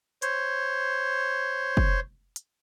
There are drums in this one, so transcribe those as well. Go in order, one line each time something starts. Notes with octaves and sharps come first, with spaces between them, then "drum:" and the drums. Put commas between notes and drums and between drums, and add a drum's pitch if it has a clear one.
C5 C#5, drum: hi-hat
drum: kick
drum: hi-hat